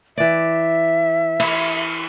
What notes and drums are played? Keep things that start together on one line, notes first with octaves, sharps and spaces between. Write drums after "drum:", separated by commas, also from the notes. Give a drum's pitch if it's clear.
E3 D5 E5
E4, drum: cymbal